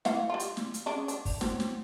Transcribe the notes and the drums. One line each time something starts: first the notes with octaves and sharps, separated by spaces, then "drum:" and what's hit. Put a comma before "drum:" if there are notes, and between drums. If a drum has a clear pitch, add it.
E3 F5 F#5, drum: snare
G3 F4
drum: hi-hat
drum: snare
drum: hi-hat
G#3 C#4 D4
D4, drum: hi-hat
drum: kick, open hi-hat
F#3 C4, drum: snare
drum: snare